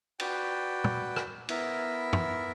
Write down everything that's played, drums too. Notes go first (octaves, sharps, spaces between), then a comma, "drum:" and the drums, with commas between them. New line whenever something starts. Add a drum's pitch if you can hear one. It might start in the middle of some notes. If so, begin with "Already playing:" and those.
F#4 B4 D5 G5, drum: cymbal
drum: tom
drum: rim click
B3 E4 A#4 E5, drum: cymbal
drum: tom F#2